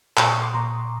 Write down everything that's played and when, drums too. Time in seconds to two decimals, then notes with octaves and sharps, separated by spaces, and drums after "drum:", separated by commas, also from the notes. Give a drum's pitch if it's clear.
0.17 A#2 B5 C#6, drum: clap
0.30 C#6 D#6
0.42 C6 D6
0.54 A#2 A#5 C6